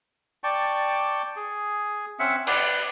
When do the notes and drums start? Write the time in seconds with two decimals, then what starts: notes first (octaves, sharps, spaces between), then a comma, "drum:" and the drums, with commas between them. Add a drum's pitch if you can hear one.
0.44 D5 G5 A5 C#6
1.36 G#4
2.19 C4 C#4 E5 F#5
2.47 B4 D5, drum: cymbal